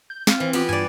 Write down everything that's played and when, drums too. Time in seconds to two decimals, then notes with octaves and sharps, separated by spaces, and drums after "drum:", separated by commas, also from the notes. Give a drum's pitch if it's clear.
0.10 G6
0.27 C4 F4, drum: snare
0.40 E3 C5
0.53 B3 F4 G4, drum: cymbal
0.69 G2 D5 G#5